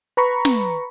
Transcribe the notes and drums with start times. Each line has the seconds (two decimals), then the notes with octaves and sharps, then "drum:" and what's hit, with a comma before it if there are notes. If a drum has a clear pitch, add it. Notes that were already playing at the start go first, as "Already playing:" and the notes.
0.17 B4 A#5 B5 C#6
0.45 drum: snare